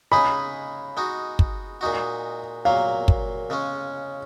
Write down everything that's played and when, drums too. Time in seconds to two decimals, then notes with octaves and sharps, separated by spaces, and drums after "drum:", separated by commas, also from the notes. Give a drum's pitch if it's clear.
0.12 C#3 G#3 D#4 G#4 B5
0.97 G#3 D#4 F#4
1.39 drum: kick
1.81 A#2 G#3 D#4 F#4
2.65 A#2 F#3 A#3 F5
3.08 drum: kick
3.50 C#3 G#3 C#4